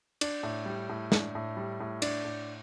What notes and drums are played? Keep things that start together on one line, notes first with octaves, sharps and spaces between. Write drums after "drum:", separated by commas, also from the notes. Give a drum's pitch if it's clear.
D4, drum: cymbal
A2
G3
A2
D4, drum: snare
A2
G3
A2
D4, drum: cymbal
A2